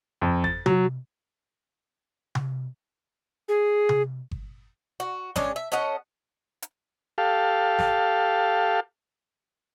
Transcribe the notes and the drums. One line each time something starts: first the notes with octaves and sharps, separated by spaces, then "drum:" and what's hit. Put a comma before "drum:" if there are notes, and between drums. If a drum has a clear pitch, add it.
F2
A6, drum: kick G1
F#3, drum: tom C3
drum: tom C3
G#4
drum: tom C3
drum: kick G1
F#4
G#3 C#4 D4, drum: snare
E5
C#4 A4 D#5 F#5
drum: hi-hat
G4 A4 F5
drum: snare